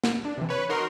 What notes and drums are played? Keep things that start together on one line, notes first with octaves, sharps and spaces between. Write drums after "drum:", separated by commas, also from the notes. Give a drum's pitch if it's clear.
drum: snare
D4
C3 E3
B4 C#5
D#4 F#4 A#4 C6